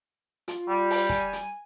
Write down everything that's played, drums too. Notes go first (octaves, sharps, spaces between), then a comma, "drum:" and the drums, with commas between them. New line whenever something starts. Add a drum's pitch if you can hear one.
F4, drum: hi-hat
G3
drum: open hi-hat
G#5, drum: kick
drum: hi-hat